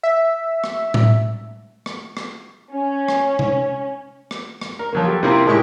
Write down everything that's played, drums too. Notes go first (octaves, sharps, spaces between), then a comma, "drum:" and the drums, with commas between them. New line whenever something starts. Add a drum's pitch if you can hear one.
E5
drum: rim click
drum: tom A2
drum: rim click
drum: rim click
C#4
drum: rim click
drum: tom C3
drum: rim click
drum: rim click
A#4
F3 F#3 A#3
G4 A4
C3 A#3 C4 E4 F4 A#4
A2 G#3 A#3 E4 G4 C#6